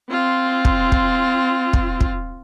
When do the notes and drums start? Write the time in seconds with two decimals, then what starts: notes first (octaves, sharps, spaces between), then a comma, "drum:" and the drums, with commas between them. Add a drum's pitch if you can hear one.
0.11 C4 F4
0.65 drum: kick
0.92 drum: kick
1.73 drum: kick
2.01 drum: kick